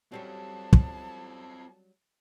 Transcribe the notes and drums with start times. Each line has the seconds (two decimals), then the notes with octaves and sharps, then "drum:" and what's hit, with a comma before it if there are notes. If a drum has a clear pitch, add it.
0.12 F#3 G3 C4 C#4 A4 A5
0.73 drum: kick